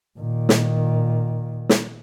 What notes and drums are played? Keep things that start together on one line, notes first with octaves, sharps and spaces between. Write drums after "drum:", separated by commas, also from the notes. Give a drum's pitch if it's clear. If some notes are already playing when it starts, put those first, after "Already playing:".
A#2 D#3
drum: snare
drum: snare